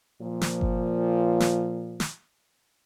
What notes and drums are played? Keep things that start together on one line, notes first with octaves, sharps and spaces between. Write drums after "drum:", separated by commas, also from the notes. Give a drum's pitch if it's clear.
A#2 F3
drum: snare
drum: kick G1
drum: snare
drum: snare